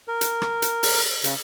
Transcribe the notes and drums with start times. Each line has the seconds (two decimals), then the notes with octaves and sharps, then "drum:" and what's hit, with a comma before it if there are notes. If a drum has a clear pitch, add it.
0.08 A#4
0.21 drum: hi-hat
0.42 drum: rim click
0.62 drum: hi-hat
0.83 drum: open hi-hat
1.24 C#3, drum: hi-hat